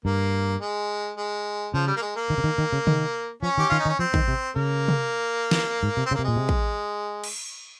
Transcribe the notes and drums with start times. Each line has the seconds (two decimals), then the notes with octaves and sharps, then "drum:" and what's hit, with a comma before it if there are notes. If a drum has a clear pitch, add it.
0.05 G2 A#3
0.61 G#3
1.18 G#3
1.74 C#3 F3
1.87 G3
1.97 A#3
2.02 G#3
2.16 A#3
2.30 D#3
2.38 C#3
2.44 D#3
2.58 D#3
2.73 C#3
2.87 D#3, drum: tom C3
3.43 F3 C#4
3.58 D#3 G4
3.70 D#3 F4
3.79 D#4
3.85 D#3
3.89 C#4
3.99 F3 C4
4.14 D#3, drum: kick
4.28 C3
4.56 C#3 A#3
4.88 drum: tom C3
5.51 drum: snare
5.83 G#2
5.97 C3
6.06 C4
6.11 C#3
6.15 C3 A#3
6.25 A#2 G#3
6.36 C3
6.49 drum: kick
7.24 drum: cymbal